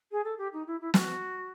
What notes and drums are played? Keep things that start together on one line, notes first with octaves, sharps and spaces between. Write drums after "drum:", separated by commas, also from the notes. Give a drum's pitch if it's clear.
G#4
A4
G4
D#4
E4
E4
F#4, drum: snare